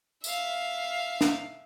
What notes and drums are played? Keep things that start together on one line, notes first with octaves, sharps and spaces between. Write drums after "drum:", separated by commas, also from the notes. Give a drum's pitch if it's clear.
E5 F5, drum: tambourine
drum: snare